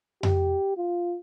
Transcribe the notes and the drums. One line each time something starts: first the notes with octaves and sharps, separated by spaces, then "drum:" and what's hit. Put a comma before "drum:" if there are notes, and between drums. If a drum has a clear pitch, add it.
G4, drum: tom F2
F4